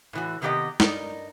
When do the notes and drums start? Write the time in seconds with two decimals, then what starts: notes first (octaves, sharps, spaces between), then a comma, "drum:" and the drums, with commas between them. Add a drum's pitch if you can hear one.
0.13 A2 E3 F#4
0.42 C3 D#3 B3 G4 D5 D#5
0.80 G2 D#4 A#4 D5 D#5, drum: snare